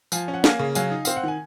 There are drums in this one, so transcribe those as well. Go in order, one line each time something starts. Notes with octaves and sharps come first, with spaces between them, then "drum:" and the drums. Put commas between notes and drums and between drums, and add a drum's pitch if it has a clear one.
F3 F5 G#5, drum: tambourine
C#4
F#5
A#3 F5 G#5, drum: snare
C#3
F#3 F5 G#5, drum: tambourine
D#4
C4 F5, drum: tambourine
F#5
D#3 G#5